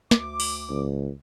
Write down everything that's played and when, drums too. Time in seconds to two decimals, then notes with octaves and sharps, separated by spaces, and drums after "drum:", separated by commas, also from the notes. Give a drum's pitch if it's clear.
0.11 D2 D6, drum: snare
0.40 drum: open hi-hat
0.70 C#2